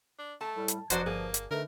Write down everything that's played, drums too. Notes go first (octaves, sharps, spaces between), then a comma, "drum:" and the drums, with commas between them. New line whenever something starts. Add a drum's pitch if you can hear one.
D4
A3 A5
A2 G3
drum: hi-hat
F1 G2 F3 F#3 F#4 C5 D5, drum: hi-hat
G1 A#3 G#4
drum: hi-hat
D3 A3 D#4 A#4 B4